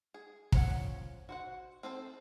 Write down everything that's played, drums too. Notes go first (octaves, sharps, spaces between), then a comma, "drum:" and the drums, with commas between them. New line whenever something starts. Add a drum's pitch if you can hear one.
G#4
F3 C#4 C#5 F#5, drum: kick
F#4 C5 F#5
C4 G#4 A4 C5